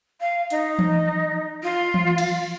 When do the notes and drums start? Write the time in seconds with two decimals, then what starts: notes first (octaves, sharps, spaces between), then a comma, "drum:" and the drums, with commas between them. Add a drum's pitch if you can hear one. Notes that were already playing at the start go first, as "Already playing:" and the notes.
0.20 F5
0.50 D#4, drum: hi-hat
0.79 drum: tom E3
1.63 F4
1.94 drum: tom E3
2.18 drum: cymbal